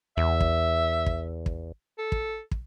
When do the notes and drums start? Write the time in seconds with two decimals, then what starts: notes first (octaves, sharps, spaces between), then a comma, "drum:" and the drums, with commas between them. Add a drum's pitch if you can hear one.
0.17 E2 E5
0.40 drum: kick
1.06 drum: kick
1.46 drum: kick
1.99 A4
2.12 drum: kick
2.51 drum: kick